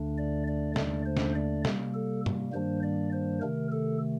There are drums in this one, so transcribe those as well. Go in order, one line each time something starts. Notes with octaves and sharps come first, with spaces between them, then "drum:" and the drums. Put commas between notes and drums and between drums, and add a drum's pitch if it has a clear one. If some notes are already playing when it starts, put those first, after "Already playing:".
Already playing: D2 D3 A3 D4
D5
D5
D#2 D3 A3 D4 D5, drum: snare
C5
drum: snare
D5
C3 G3 A#3, drum: snare
A4
drum: tom
G2 D#3 G3 A#3 D4 C5
D5
C5
C3 D#3 A3 A#4
A4